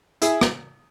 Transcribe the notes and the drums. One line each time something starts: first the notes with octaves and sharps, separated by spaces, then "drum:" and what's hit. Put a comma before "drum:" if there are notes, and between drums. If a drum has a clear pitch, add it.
E4 G#4, drum: hi-hat
drum: rim click